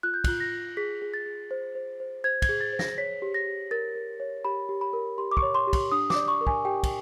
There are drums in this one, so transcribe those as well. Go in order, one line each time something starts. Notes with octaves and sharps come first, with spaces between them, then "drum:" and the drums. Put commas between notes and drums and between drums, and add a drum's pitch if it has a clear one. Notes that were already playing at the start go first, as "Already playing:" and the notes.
F4 F#6
G6
F#6, drum: kick, cymbal
F4
A#6
F4
G#4 B6
G#4
A6
G#4
C5
C5
C5
C5 G#6
G#6, drum: kick, cymbal
G#4
A6
C5
A#6, drum: snare
C#5 B6
G4
A#6
G4
A#4 A6
A#4
C#5
G4 B5
G4
B5
A#4
G4 C6
D6
C#6, drum: kick
C#5
C6
G4
C6, drum: kick, cymbal
D4 D#6
D6, drum: snare
D5
C#6
A#4
G#5, drum: kick
G4 G5
drum: kick, cymbal